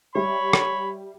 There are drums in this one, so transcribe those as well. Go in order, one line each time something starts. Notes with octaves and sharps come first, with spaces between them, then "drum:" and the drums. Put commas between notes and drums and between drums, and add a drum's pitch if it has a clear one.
G3 C#5 E5 B5
drum: rim click